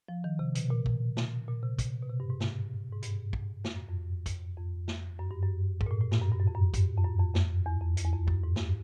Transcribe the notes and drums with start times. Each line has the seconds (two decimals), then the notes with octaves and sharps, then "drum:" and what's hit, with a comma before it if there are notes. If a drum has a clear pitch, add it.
0.09 F3
0.24 D#3
0.39 C3
0.55 B2, drum: hi-hat
0.70 A#2
0.86 drum: kick
1.17 drum: snare
1.48 A#2
1.63 C3
1.79 drum: kick, hi-hat
2.02 B2
2.09 C3
2.20 G2
2.30 G#2
2.40 drum: snare
2.92 G#2
3.03 G2, drum: hi-hat
3.33 drum: kick
3.64 F2, drum: snare
3.76 F#2
3.89 F2
4.26 drum: kick, hi-hat
4.57 F2
4.88 drum: snare
5.19 F#2
5.31 G2
5.42 F#2
5.81 G#2, drum: kick
5.86 A#2
5.91 A2
6.01 A2
6.12 G2, drum: snare
6.22 F#2
6.32 G2
6.40 F#2
6.47 F2
6.55 F#2
6.74 G2, drum: kick, hi-hat
6.97 F2
7.04 F#2
7.20 F2
7.35 F2, drum: snare
7.66 E2
7.82 F2
7.97 F2, drum: hi-hat
8.05 E2
8.12 F2
8.28 F#2, drum: kick
8.44 G#2
8.56 G2, drum: snare